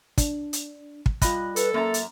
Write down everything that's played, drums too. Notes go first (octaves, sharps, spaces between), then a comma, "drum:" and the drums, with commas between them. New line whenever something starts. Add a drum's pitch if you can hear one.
D4, drum: kick, hi-hat
drum: hi-hat
drum: kick
G3 F4 D#5 F#6, drum: kick, hi-hat
A4 B4, drum: hi-hat
F#2 A#3 E5 A#5 A6
drum: hi-hat